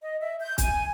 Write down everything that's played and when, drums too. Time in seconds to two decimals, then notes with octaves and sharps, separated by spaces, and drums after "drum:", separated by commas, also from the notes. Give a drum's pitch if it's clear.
0.02 D#5
0.21 E5
0.41 G6
0.58 G#5, drum: kick, hi-hat